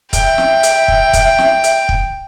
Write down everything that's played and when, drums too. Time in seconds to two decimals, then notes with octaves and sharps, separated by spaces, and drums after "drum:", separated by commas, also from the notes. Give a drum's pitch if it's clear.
0.13 E5 G5, drum: kick, hi-hat
0.38 drum: snare
0.63 drum: hi-hat
0.88 drum: kick
1.13 drum: kick, hi-hat
1.38 drum: snare
1.64 drum: hi-hat
1.89 drum: kick